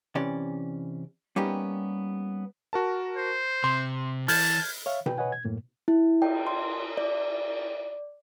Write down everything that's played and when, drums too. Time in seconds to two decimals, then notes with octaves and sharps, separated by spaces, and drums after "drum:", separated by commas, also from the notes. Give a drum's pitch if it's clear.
0.15 C3 E3 C#4 D5
1.36 G3 A#3 B3 C#4 D#4 G4
2.73 F#4 A#4 A5
3.17 C5
3.64 C3 C6
4.28 E3 A5 F6 G6 G#6, drum: open hi-hat
4.86 C#5 E5 F5
5.06 B4 G5, drum: tom B2
5.18 B4 C#5 D#5 F#5 G#5
5.32 G#6
5.45 F#2 A2 A#3
5.88 E4
6.22 G5, drum: cymbal
6.47 C6
6.97 D5